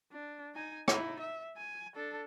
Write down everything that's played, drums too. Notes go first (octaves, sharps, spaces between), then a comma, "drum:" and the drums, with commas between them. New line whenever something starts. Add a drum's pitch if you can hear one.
D4
D#4 G#5
D#4 E4, drum: rim click
E5
G#5
D4 A4